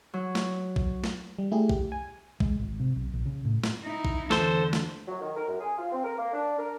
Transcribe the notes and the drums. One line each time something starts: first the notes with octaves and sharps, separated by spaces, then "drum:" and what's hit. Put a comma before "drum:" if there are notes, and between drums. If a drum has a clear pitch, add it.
F#3
drum: snare
drum: kick
drum: snare
G3
A3 E4 G4 G#4
G4, drum: kick
G#5
G#3, drum: kick
G#1
C3
B1
A#1
C#3
A2
drum: snare
D#4 E4
drum: kick
E2 D3 A4 C5, drum: snare
drum: snare
F#3
D#3
A#4
F#2
G#4
F4
C4
A#4
A#3
D4
A#4